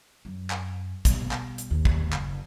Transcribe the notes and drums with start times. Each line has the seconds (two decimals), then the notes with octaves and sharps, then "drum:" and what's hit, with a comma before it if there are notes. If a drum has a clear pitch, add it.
0.25 F#2
0.50 drum: clap
1.05 B2 G3, drum: kick, hi-hat
1.31 drum: clap
1.58 drum: hi-hat
1.71 G#1 D#2
1.85 drum: kick
2.12 F#1, drum: clap